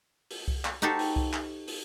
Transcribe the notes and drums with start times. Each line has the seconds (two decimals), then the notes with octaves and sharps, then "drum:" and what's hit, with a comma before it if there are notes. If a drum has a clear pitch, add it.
0.31 drum: open hi-hat
0.48 drum: kick C2
0.65 drum: clap
0.82 D#4 F#4 G4 A4 C5
0.99 drum: open hi-hat
1.16 drum: kick C2
1.33 drum: clap
1.68 drum: open hi-hat